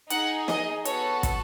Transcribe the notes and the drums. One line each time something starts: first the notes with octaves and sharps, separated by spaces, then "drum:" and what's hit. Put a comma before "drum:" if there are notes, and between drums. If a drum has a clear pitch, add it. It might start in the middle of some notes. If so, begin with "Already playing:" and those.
D#4 G#4 F#5, drum: hi-hat
D#5, drum: snare
B3 F#4 A4 C#5, drum: hi-hat
drum: kick, hi-hat